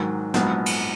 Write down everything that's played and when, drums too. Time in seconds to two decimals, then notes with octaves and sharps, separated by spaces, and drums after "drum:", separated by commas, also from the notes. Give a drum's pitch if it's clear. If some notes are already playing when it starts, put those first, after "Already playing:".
Already playing: G#2 D#3 F#3
0.34 A#1 G#2 F#3 B3, drum: snare
0.66 drum: cymbal